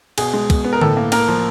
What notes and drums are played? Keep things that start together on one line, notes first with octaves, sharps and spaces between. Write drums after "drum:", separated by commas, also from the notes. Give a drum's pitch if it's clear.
B2 G#4, drum: cymbal
G#3
B2, drum: kick, cymbal
B3
A#4
A2 A4, drum: tom D3
A#3
A#3 A#4, drum: cymbal
F3